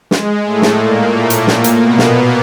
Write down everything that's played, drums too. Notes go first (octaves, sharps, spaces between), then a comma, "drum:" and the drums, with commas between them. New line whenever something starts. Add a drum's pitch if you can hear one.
G#3, drum: snare
A2 A3
drum: snare
A#2 A#3
A2 A3
drum: hi-hat
A#2 A#3, drum: snare
drum: hi-hat
B2 B3
drum: snare